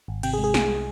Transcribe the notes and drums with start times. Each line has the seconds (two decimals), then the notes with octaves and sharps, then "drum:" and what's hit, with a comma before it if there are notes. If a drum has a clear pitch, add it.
0.08 G#1
0.23 C3 G5, drum: cymbal
0.33 G#4
0.38 G#3
0.44 G#4
0.54 C2 G#4, drum: snare